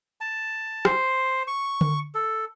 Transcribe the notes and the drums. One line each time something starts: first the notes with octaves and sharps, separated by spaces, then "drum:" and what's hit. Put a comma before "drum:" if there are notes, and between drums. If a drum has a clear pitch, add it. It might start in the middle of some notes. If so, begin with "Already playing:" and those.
A5
C5, drum: rim click
C#6
drum: tom D3
A4